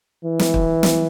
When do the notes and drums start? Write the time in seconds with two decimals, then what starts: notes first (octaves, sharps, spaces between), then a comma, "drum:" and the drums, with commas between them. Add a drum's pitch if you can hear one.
0.25 E3
0.39 drum: snare
0.54 drum: kick
0.83 drum: snare